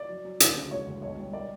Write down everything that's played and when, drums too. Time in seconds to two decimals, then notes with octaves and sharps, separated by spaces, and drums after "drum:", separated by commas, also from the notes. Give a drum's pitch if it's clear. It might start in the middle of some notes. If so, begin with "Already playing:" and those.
Already playing: D5
0.09 F#3
0.25 F#3
0.40 D2, drum: hi-hat
0.55 C#3
0.71 E1 C#5
0.86 D2
1.02 B1 C#5
1.18 G3
1.33 D5